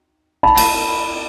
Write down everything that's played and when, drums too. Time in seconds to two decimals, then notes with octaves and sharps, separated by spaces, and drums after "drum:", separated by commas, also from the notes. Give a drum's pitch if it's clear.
0.43 A5 B5
0.57 drum: cymbal